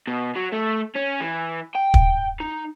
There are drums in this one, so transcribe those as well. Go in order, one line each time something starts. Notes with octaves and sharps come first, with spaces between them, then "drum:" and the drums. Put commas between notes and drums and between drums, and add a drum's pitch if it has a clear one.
B2
F#3
A3
C#4
E3
G5
drum: kick
D#4